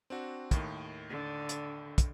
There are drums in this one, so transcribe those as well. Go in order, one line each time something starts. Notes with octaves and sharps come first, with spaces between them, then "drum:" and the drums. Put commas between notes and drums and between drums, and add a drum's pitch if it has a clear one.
C4 D4 F#4
D#2 A2 D#3, drum: kick, hi-hat
D3
drum: hi-hat
drum: kick, hi-hat